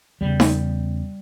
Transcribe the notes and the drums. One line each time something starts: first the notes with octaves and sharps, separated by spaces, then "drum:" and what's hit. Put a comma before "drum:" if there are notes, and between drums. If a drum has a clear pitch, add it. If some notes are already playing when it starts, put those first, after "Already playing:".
E2 C#3 G3
drum: snare D#4